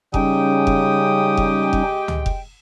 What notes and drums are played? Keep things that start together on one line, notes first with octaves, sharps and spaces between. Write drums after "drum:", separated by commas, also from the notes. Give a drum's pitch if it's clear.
C#3 G3 G#3 C#4 D#4 G4 G5 D#6, drum: kick F1
drum: kick F1
drum: kick F1
drum: kick F1
drum: tom
drum: kick F1